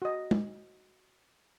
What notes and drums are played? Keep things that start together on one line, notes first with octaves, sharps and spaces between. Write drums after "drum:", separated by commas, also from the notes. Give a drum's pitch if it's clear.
F#4 D#5
drum: tom G#3